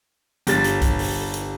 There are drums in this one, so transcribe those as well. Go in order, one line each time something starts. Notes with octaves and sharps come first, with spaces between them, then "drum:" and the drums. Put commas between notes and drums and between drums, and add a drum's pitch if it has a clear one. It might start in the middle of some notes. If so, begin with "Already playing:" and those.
G1 G3 A6, drum: hi-hat
drum: hi-hat
drum: kick B1, hi-hat
drum: open hi-hat
drum: hi-hat